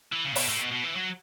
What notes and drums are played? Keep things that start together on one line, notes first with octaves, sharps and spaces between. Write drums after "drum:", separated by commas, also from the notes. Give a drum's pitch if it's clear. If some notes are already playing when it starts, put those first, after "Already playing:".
E3
C#3
A2
B2, drum: open hi-hat
A2
B2
B2
E3
F#3